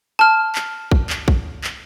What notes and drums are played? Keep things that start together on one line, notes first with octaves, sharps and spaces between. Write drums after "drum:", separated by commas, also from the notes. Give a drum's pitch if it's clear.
A5 F6
drum: clap
drum: kick
drum: clap
drum: kick
drum: clap